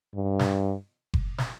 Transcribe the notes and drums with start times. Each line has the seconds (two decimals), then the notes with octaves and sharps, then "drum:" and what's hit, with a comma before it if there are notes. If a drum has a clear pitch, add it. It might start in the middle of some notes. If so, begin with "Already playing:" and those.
0.15 G2
0.39 drum: snare
1.14 drum: kick F#1
1.38 drum: snare